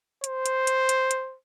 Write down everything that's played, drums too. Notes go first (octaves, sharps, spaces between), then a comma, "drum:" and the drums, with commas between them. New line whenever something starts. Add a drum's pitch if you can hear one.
C5, drum: hi-hat
drum: hi-hat
drum: hi-hat
drum: hi-hat
drum: hi-hat